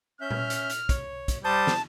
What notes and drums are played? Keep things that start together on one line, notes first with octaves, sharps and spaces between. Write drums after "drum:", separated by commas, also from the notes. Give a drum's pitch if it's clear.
C#4 E5 F6 G6
drum: tom A#2
drum: hi-hat
drum: hi-hat
C#5, drum: kick, hi-hat
drum: kick, hi-hat
G3 C5 A5 D#6 G6
drum: snare